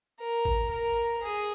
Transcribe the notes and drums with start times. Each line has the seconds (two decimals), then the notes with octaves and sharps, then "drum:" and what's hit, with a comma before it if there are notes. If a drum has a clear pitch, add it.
0.20 A#4
0.45 drum: kick
0.71 A#4
1.22 G#4